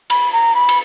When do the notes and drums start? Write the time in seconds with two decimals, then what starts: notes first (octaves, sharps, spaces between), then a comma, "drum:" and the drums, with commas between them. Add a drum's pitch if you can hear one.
0.10 B5, drum: cymbal
0.32 A#5
0.54 B5
0.69 drum: cymbal